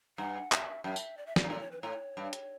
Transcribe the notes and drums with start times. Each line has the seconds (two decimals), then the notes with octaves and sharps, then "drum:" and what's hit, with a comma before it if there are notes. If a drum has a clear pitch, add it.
0.18 G2 F#5
0.52 E5, drum: clap
0.84 F#2 E5
0.96 drum: tambourine
1.17 D5
1.26 E5
1.36 D5, drum: snare
1.44 G2
1.50 A2 D5
1.61 C#5
1.71 B4
1.82 A2 C#5
2.17 G2
2.33 drum: hi-hat